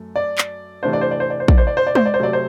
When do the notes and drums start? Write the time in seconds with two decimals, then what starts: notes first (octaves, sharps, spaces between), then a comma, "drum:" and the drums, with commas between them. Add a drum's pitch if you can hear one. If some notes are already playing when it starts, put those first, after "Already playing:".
Already playing: F#2 A3
0.16 D5
0.38 drum: clap
0.83 C3 E3 A3 D4 C5
0.93 D5
1.01 C5
1.11 D5
1.20 C5
1.30 D5
1.40 C5
1.48 D5, drum: kick
1.58 C5
1.67 D5
1.77 C5
1.87 D5
1.95 C5, drum: tom G#3
2.06 D5
2.14 C5
2.19 C3 F#3 A3 D5
2.33 C5